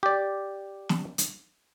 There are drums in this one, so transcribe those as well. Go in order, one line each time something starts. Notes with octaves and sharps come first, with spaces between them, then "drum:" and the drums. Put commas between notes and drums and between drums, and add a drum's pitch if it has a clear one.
G4 D5
drum: snare
drum: hi-hat